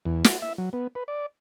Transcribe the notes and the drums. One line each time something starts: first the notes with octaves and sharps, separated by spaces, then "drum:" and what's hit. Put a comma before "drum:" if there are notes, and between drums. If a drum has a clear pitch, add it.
E2
F#4, drum: snare
E5
F#3
B3
B4
D5